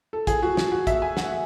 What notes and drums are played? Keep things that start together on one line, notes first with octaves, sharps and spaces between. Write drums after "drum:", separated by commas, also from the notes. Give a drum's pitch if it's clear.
A4
G#4, drum: kick, hi-hat
F#4
F#4, drum: snare
F#4
E5, drum: kick, hi-hat
G#5
F#5, drum: snare